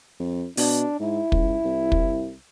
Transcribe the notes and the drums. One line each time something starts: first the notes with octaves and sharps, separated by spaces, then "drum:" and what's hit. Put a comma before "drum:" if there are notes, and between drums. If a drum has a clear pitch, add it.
F2
B2 D4, drum: open hi-hat
G#2 E4
C#2, drum: kick
C2
drum: kick